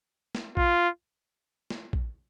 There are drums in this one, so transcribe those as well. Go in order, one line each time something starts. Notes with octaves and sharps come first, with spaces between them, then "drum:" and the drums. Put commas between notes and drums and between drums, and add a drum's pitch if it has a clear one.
drum: snare
F4, drum: kick A#1
drum: snare
drum: kick A#1